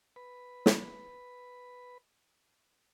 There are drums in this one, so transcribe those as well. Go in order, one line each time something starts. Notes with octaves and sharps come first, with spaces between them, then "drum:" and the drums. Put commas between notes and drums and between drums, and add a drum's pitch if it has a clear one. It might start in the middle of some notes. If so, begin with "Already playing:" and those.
B4 B5
drum: snare